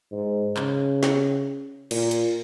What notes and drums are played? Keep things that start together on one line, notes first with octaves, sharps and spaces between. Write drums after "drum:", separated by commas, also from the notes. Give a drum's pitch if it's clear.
G#2
C#3, drum: clap
drum: snare
A#2, drum: cymbal
drum: hi-hat